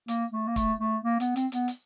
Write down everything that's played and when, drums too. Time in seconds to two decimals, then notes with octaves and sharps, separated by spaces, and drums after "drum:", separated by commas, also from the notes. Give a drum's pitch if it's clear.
0.08 A#3, drum: hi-hat
0.32 A3
0.47 A#3
0.56 A3, drum: kick, hi-hat
0.80 A3
1.04 A#3
1.20 B3, drum: hi-hat
1.36 C4, drum: hi-hat
1.52 B3, drum: hi-hat
1.68 drum: hi-hat